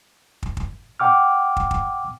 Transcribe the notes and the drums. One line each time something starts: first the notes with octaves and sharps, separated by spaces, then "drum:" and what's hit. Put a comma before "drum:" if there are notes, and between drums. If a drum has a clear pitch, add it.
drum: kick
drum: kick
F#5 G5 D6 F6
drum: kick
drum: kick